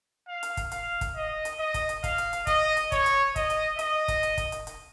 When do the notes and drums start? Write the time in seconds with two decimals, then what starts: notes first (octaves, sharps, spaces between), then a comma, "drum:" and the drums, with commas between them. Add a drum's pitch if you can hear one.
0.28 F5
0.43 drum: hi-hat
0.57 drum: kick, hi-hat
0.72 F5, drum: hi-hat
1.01 drum: kick, hi-hat
1.16 D#5
1.45 drum: hi-hat
1.59 D#5
1.74 drum: kick, hi-hat
1.89 drum: hi-hat
2.04 F5, drum: kick, hi-hat
2.18 drum: hi-hat
2.33 drum: hi-hat
2.47 D#5, drum: kick, hi-hat
2.77 drum: hi-hat
2.92 C#5, drum: kick, hi-hat
3.06 drum: hi-hat
3.36 D#5, drum: kick, hi-hat
3.50 drum: hi-hat
3.79 D#5, drum: hi-hat
4.08 drum: kick, hi-hat
4.23 drum: hi-hat
4.38 drum: kick, hi-hat
4.52 drum: hi-hat
4.67 drum: hi-hat